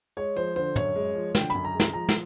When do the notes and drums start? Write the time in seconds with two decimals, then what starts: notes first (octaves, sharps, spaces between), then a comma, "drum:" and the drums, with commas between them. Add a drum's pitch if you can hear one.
0.17 G#3 C#5
0.36 F3 C5
0.56 D3 C5
0.76 F#2 C#5, drum: tom
0.95 G#3
1.15 F3
1.35 D3 G5, drum: snare
1.50 F#2 B5, drum: hi-hat
1.65 A#5
1.74 G#3
1.80 A#5, drum: snare
1.94 F3 A#5
2.09 drum: snare